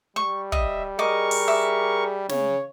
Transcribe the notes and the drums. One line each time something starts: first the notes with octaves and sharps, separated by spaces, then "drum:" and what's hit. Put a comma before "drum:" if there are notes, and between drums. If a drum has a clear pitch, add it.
G3 C#6
D#5 E5, drum: kick
G#4 A#4 D#5 C#6 D6
drum: open hi-hat
E5 D6
C#3 C#5, drum: snare